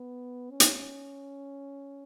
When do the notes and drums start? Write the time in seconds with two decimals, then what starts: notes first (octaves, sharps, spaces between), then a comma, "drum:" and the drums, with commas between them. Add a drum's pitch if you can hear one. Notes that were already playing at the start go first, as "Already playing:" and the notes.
Already playing: B3
0.51 C#4
0.60 drum: hi-hat